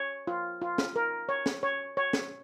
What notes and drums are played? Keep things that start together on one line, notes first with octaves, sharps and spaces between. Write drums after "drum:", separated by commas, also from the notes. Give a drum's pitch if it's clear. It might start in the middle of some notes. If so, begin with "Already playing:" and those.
Already playing: C#5
F4
F4
drum: snare
A#4
C#5
drum: snare
C#5
C#5
drum: snare